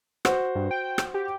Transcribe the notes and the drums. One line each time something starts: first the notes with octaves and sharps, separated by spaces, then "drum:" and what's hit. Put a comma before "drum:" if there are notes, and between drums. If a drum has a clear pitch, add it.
F#4 C5, drum: rim click
G2
G5
drum: rim click
G4